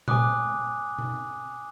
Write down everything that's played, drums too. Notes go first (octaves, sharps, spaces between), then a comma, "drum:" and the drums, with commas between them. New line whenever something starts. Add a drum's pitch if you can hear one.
G#5 D6 D#6 F#6, drum: tom A#2
drum: tom B2